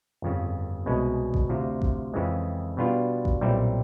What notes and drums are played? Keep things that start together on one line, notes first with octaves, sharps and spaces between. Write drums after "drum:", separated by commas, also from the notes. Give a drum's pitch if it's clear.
G1 F2 C#3
C2 B2 G#3 C#4
drum: kick A1
D2 C3 F3
drum: kick A1
F2 C#3 E3 G#3 C4
B2 G3 B3 D4 F4
drum: kick A1
B1 A#2 G3 C4 E4